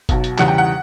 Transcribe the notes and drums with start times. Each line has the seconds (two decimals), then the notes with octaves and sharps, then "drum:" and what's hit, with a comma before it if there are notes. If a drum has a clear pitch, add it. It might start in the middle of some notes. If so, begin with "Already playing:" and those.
0.09 B1 B2 F#3, drum: kick F#1, hi-hat
0.24 drum: hi-hat
0.38 E2 C#3 E3 G3 F#5, drum: clap
0.48 G5
0.58 F#5